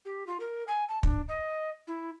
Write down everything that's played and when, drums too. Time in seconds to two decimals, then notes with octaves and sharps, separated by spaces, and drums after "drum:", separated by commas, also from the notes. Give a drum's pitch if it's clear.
0.05 G4
0.27 F4
0.40 A#4
0.68 G#5
0.89 A5
1.03 D4, drum: kick
1.28 D#5
1.87 E4